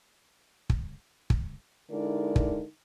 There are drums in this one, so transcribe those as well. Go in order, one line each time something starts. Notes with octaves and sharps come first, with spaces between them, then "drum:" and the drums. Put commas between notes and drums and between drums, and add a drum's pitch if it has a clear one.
drum: kick
drum: kick
D3 G#3 D#4 E4 A#4 D5
drum: kick